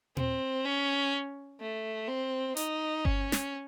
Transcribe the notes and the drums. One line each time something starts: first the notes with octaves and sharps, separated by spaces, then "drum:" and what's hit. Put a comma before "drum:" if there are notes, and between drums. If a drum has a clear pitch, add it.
C4, drum: tom A#2
C#4
A3
C4
D#4, drum: hi-hat
C#4, drum: kick G1
drum: snare